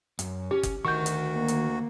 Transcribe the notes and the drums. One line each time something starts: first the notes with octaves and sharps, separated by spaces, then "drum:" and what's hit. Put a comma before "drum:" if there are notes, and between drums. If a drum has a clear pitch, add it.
F#2, drum: hi-hat
C#4 G4
drum: kick F#1, hi-hat
D2 D#3 F#4 A#4 C#6 G6
drum: hi-hat
A#3
drum: hi-hat